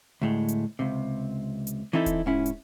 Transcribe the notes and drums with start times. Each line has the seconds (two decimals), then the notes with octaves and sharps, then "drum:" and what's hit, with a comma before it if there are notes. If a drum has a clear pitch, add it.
0.22 D2 A2 G#3
0.48 drum: hi-hat
0.79 C#2 C3
1.67 drum: hi-hat
1.93 E3 C4 D#4 E4 A4
2.06 drum: kick D#1, hi-hat
2.26 G#2 C#4 E4
2.46 drum: hi-hat